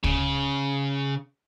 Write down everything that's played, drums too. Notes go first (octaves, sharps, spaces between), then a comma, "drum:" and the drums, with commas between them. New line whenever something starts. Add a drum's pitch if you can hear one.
C#3, drum: kick